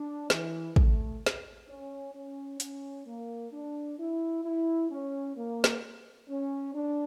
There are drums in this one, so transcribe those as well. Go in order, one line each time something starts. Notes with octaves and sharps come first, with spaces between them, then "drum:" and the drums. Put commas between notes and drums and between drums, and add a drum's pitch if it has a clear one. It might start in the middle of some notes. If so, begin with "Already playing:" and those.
Already playing: D4
E3, drum: snare
A3, drum: kick
drum: snare
C#4
C#4
C#4, drum: hi-hat
A#3
D4
E4
E4
C#4
A#3
drum: snare
C#4
D4